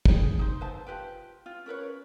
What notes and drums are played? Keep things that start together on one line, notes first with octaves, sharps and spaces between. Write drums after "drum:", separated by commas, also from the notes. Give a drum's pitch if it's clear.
G4 G#4, drum: kick
D#4 C5
B4 C5 E5 A5
F4 G4 B4 G5
F4
C#4 A#4 B4 C#5